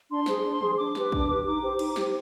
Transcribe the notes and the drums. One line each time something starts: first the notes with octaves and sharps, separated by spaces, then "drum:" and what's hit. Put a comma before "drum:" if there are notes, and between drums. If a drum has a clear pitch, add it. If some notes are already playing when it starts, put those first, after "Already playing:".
D4 C6
G#4 C5, drum: snare
D4
G#4 C5, drum: tom
D4 D6
G4 B4, drum: snare
D4, drum: kick
G4 B4
D#4 D6
G4 C5
D#4, drum: cymbal
G4 C5, drum: snare